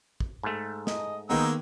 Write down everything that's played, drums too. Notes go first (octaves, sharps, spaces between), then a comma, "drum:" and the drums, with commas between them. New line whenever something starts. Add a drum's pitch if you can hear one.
drum: kick
G#2 A3
D#5, drum: snare
D#3 G#3 A#3 B3 D#4 G4 E6